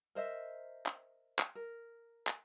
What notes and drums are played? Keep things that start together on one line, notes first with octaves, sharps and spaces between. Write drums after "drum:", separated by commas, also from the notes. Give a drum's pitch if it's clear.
A#4 C5 D#5 E5
drum: clap
drum: clap
A#4
drum: clap